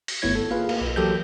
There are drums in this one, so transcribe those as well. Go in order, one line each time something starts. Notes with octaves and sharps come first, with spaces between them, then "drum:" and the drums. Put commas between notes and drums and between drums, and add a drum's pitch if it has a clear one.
drum: open hi-hat
G1 A3 B3 E4 C#5 G#6
A4
A#3 F4 G#4 B4 F5
A#3, drum: cymbal
B1 B4
E3 F#3 G4 A4 A#4 G6